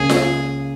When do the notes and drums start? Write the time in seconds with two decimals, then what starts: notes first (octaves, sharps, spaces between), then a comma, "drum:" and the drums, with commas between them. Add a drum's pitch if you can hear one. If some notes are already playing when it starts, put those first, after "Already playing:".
Already playing: C#2 C#3 A#3 C#4 G#4
0.09 drum: snare F4